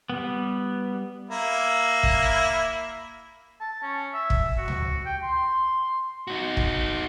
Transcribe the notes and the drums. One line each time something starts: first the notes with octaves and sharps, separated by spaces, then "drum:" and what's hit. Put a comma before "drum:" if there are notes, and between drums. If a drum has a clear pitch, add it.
G3 B3
A#3 E4
drum: kick
A5
C#4
E5
drum: kick
F#4
drum: tom C#2
G5
C6
D#4 F#4
drum: kick